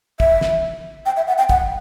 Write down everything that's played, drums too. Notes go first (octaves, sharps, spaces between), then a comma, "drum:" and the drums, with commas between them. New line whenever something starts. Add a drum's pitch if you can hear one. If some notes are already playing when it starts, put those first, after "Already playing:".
E5, drum: kick
drum: snare
G5
E5
F#5
G5
F#5, drum: kick